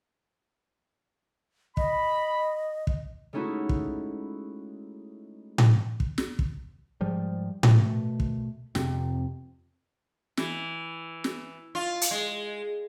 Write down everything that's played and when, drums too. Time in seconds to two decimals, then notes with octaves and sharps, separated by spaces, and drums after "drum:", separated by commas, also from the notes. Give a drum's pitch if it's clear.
1.77 D#5 B5, drum: kick
2.87 drum: kick
3.33 G#3 A3 C#4 D#4 E4 F#4
3.69 drum: kick
5.58 drum: tom A2
6.00 drum: kick
6.18 drum: snare
6.39 drum: kick
7.01 G#2 F3 G3
7.63 B2 A3, drum: tom A2
8.20 drum: kick
8.75 F2 C3 C4, drum: snare
10.37 E3, drum: snare
11.24 drum: snare
11.75 F4
12.01 drum: hi-hat
12.11 G#3